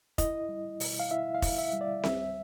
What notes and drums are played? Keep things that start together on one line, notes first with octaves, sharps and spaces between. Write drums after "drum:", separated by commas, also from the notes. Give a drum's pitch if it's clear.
E4 D#5, drum: kick F1, hi-hat
G3
B2, drum: open hi-hat
F5
E4 E5
F5
E4, drum: kick F1, open hi-hat
E5
G3
D5
C#2 E5, drum: snare C4